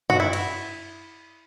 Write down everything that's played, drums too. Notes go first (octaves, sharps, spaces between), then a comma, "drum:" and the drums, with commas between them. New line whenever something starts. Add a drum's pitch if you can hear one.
F#4, drum: tom F#2
E4
drum: cymbal